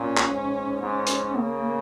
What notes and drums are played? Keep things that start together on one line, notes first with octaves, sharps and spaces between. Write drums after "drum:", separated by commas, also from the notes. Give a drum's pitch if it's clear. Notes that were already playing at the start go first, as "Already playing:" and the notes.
Already playing: A#2 C#4
drum: clap
G#2
G#2 C#4
drum: hi-hat
C#3 A#3